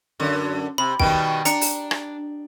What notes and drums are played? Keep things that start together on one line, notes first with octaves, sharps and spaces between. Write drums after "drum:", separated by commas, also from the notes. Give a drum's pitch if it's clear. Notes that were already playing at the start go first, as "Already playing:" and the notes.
F#2 D3
C3 B5
B2 D#3 G3 G5, drum: kick
D4 A#5 C#7, drum: hi-hat
drum: open hi-hat
drum: rim click